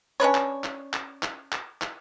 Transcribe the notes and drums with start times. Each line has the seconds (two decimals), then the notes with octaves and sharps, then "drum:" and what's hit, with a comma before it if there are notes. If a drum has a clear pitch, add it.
0.20 C#4 D4 B4 C#5
0.34 drum: clap
0.64 drum: clap
0.93 drum: clap
1.23 drum: clap
1.52 drum: clap
1.82 drum: clap